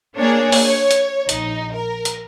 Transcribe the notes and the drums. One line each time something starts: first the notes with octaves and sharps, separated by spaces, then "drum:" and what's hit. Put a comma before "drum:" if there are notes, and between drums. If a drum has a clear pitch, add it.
A#3 D4 G#4 C#5
drum: open hi-hat
C#5
drum: hi-hat
A#1 D#4, drum: hi-hat
A#4
drum: hi-hat